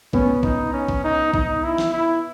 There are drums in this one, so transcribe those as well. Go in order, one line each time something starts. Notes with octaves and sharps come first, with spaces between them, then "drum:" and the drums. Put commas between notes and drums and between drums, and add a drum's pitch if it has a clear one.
B3 C#4, drum: kick B1
D#4, drum: kick B1
C#4
drum: kick B1
D#4
D#4, drum: kick B1
E4
drum: snare
E4